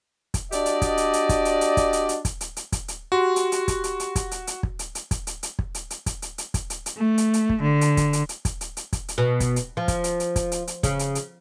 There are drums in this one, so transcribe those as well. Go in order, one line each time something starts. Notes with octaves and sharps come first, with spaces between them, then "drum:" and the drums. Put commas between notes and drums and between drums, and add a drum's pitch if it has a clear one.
drum: kick, hi-hat
D4 F#4 G4 D5 D#5, drum: hi-hat
drum: hi-hat
drum: kick, hi-hat
drum: hi-hat
drum: hi-hat
drum: kick, hi-hat
drum: hi-hat
drum: hi-hat
drum: kick, hi-hat
drum: hi-hat
drum: hi-hat
drum: kick, hi-hat
drum: hi-hat
drum: hi-hat
drum: kick, hi-hat
drum: hi-hat
F#4 G4 C6
drum: hi-hat
drum: hi-hat
drum: kick, hi-hat
drum: hi-hat
drum: hi-hat
drum: kick, hi-hat
drum: hi-hat
drum: hi-hat
drum: kick
drum: hi-hat
drum: hi-hat
drum: kick, hi-hat
drum: hi-hat
drum: hi-hat
drum: kick
drum: hi-hat
drum: hi-hat
drum: kick, hi-hat
drum: hi-hat
drum: hi-hat
drum: kick, hi-hat
drum: hi-hat
drum: hi-hat
A3
drum: hi-hat
drum: hi-hat
drum: kick
D3
drum: hi-hat
drum: kick, hi-hat
drum: hi-hat
drum: hi-hat
drum: kick, hi-hat
drum: hi-hat
drum: hi-hat
drum: kick, hi-hat
drum: hi-hat
B2
drum: kick, hi-hat
drum: hi-hat
F3
drum: kick, hi-hat
drum: hi-hat
drum: hi-hat
drum: kick, hi-hat
drum: hi-hat
drum: hi-hat
C#3, drum: kick, hi-hat
drum: hi-hat
drum: hi-hat